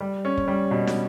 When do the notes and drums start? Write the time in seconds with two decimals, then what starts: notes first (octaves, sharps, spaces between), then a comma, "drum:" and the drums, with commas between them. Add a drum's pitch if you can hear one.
0.01 G3
0.25 C#4
0.37 drum: kick
0.48 G3
0.71 B2
0.87 drum: snare